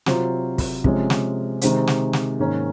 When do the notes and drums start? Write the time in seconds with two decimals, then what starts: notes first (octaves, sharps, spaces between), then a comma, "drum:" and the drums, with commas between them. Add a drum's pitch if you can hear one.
0.06 C3 F#3 C4 F4, drum: snare
0.58 drum: kick, open hi-hat
0.84 C3 F3 G#3 C#4, drum: kick
1.10 drum: snare
1.61 C3 D#3 G#3 C4, drum: hi-hat
1.87 drum: snare
2.13 drum: snare
2.39 G#2 D#3 A#3 C#4